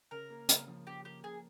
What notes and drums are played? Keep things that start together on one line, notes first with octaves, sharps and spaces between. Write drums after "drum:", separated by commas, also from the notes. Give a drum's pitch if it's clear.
C#3 A#4
A#3
C#3, drum: hi-hat
F3
C#3 G4
A#3 G4
C#3 G#4